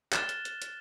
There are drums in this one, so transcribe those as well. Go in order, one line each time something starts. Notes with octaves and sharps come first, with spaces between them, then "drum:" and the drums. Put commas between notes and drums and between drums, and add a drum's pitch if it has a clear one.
F6 F#6 A6 E7 G7, drum: clap
drum: hi-hat
drum: hi-hat
drum: hi-hat